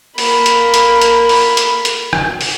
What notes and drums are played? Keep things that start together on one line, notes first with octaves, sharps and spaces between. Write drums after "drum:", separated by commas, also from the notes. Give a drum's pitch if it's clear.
A#3 B5, drum: open hi-hat
drum: hi-hat
drum: hi-hat
drum: hi-hat
drum: open hi-hat
drum: hi-hat
drum: hi-hat
drum: rim click
drum: open hi-hat